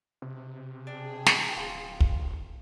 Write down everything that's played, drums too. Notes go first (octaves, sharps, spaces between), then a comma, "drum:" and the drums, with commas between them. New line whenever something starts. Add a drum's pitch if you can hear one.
C3
D4 G#4 G5
drum: snare
D1 F4
drum: kick